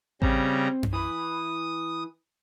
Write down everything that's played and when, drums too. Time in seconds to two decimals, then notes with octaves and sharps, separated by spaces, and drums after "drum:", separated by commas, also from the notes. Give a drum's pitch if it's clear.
0.22 C#3 G3 C4 A#5, drum: kick A1
0.83 drum: tom F#2
0.93 E3 B4 D#6